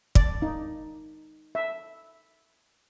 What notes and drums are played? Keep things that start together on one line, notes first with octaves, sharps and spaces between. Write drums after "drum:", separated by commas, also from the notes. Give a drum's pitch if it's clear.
D5, drum: kick
D#4
E5